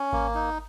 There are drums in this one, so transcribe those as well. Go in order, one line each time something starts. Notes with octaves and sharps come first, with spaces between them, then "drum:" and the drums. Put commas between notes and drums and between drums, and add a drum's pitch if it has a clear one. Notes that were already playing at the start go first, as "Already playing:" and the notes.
Already playing: C#4
A#3, drum: kick G#1
D#4